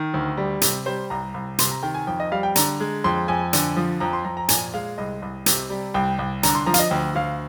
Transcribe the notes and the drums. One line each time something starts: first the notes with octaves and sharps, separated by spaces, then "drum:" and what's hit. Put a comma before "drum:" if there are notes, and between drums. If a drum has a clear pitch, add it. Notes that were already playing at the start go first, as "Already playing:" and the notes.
Already playing: D#3
D2
G3
C3, drum: hi-hat
G3 C5
C2 A#5
C2
C3 C6, drum: hi-hat
A#5
D#3 G5
G#5
F2 G5
D#5
G3 F5
G5
D3 A#5, drum: hi-hat
G#3
F2 C6
F2 G#5
D3, drum: hi-hat
F3
F2 A#5
C6
F2 A#5
A#5
A#2 G#5, drum: hi-hat
G#3 F5
C2 D#5
C2
C3, drum: hi-hat
G3
C2 G5
C2
D3 A#5, drum: hi-hat
C6
F3 A#5
F5, drum: hi-hat
D#5
D2 G5
D2 F5